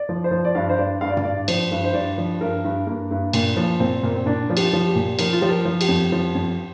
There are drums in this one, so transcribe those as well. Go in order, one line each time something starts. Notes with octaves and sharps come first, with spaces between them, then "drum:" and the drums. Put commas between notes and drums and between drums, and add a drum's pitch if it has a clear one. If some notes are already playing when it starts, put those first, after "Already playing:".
Already playing: D5
F3
C5
F3
D5
G2 F5
C5
G2 D5
G2 F5
D5
F5, drum: tom
G2 D5
F3 C5, drum: cymbal
G2
C5
G2 D5
F3
G2 A#4
G2
G2 A#3
G2
A#2 A#3, drum: cymbal
F3
A#2 C4
A#2 A#3
C4
A#2 D4
F3 F4
G4, drum: cymbal
F3
G4
A#2
F3 A#4, drum: cymbal
F4
F3 G4
A#4
F3
G4, drum: cymbal
F2
F3
F2